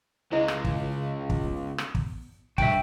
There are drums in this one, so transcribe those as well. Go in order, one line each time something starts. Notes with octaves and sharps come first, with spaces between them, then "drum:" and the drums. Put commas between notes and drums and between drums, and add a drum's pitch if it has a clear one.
C#2 G#3 E4 D#5
drum: rim click
drum: kick
drum: kick
B3
drum: rim click
drum: kick
G2 B2 F#4 E5 G5, drum: kick